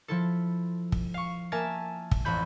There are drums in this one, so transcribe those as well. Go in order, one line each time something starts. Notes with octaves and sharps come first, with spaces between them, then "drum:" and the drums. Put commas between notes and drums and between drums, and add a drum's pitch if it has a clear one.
F3 E4 A4
drum: kick
F5 C#6
A#3 A#4 E5 G#5 A5
drum: kick
A1 F2 B5 G6